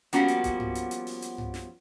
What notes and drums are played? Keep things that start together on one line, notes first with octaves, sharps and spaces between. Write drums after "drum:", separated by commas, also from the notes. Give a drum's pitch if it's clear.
F3 G3 A#3 B3 C#4 F#4, drum: hi-hat
drum: hi-hat
drum: kick D#1, hi-hat
drum: tom G2
drum: hi-hat
drum: hi-hat
drum: open hi-hat
drum: hi-hat
drum: tom G2
drum: snare